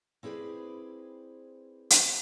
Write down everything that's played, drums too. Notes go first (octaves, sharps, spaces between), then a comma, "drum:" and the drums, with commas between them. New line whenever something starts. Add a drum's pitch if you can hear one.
C4 E4 G#4 B4 C5 D5
drum: hi-hat